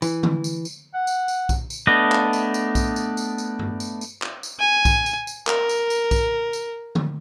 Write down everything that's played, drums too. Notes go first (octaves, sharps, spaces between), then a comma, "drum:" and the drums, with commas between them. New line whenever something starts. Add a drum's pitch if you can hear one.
E3, drum: tambourine
drum: tom D3
drum: tambourine
drum: tambourine
F#5
drum: tambourine
drum: tambourine
drum: kick B1, tambourine
drum: tambourine
A3 B3 D4 D#5
drum: clap
drum: tambourine
drum: tambourine
drum: kick B1, tambourine
drum: tambourine
drum: tambourine
drum: tambourine
drum: tom G2
drum: tambourine
drum: tambourine
drum: clap
drum: tambourine
G#5
drum: kick B1, tambourine
drum: tambourine
drum: tambourine
A#4, drum: clap
drum: tambourine
drum: tambourine
drum: kick B1, tambourine
drum: tambourine
drum: tom D3